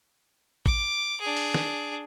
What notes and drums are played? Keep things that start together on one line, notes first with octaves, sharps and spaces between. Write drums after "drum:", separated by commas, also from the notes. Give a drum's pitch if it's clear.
D6, drum: kick
D4 G#4
drum: open hi-hat
drum: snare